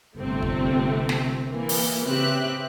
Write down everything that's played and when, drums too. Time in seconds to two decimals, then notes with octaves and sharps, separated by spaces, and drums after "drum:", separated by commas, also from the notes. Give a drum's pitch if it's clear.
0.17 G1 C3 A3 C4
0.42 drum: kick
1.09 drum: snare
1.49 E3 A#3
1.69 drum: open hi-hat
2.05 C#3 C4 G4 B4 E5 F#6